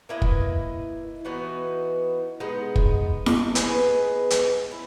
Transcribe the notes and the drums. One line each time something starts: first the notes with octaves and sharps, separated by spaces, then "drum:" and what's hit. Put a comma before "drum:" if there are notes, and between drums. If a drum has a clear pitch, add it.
A#3 E4 B4 D#5
drum: kick
E3 B3 D#4 F#4
G#3 B3 D#4
drum: kick
drum: snare E4
B3 D#4 G#4 B4, drum: hi-hat
drum: hi-hat
E4